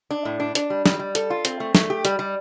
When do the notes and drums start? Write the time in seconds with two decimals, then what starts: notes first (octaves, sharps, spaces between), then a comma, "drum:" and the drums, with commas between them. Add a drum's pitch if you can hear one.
0.11 D4
0.25 A2
0.40 D4
0.55 D4, drum: hi-hat
0.70 G3
0.86 G3, drum: snare
0.99 G3
1.15 A4, drum: hi-hat
1.30 F4
1.45 C4, drum: hi-hat
1.60 A3
1.75 A3, drum: snare
1.90 G4
2.05 G3, drum: hi-hat
2.19 G3